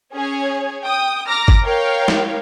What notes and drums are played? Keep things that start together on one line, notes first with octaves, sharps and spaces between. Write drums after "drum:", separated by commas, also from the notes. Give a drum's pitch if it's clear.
C#4 G#4 C#5 G#5
G5 D#6
A#5 D6 F6 A#6
drum: kick G1
A#4 C#5 F5 G5
drum: snare